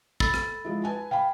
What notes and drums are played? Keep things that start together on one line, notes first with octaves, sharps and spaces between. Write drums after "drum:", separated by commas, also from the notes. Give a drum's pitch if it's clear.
A4 B5 E6 A6, drum: kick
drum: rim click
F3 G#3 E4
B4 G#5 A5
F5 G5 G#5 B5